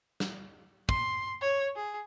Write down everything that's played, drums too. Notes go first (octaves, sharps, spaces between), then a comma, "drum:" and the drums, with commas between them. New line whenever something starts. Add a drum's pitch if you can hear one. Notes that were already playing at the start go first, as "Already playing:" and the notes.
drum: snare
C6, drum: kick
C#5
G#4